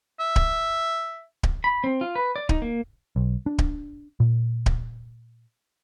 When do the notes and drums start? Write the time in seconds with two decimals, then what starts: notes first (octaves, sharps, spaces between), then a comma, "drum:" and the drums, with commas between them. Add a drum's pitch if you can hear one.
0.20 E5
0.36 drum: kick D1
1.43 drum: kick D1
1.64 B5
1.84 C4
2.01 F4
2.16 B4
2.36 D5
2.49 D#4, drum: kick D1
2.62 A#3
3.16 B1
3.46 D4
3.58 drum: kick D1
4.20 A#2
4.66 drum: kick D1